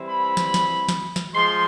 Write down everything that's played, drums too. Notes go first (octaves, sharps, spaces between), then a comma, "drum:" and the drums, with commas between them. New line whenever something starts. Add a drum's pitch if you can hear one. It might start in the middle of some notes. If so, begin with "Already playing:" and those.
Already playing: E3 G3 C4 E4
B5
drum: snare
drum: snare
drum: snare
drum: snare
F3 G#3 C6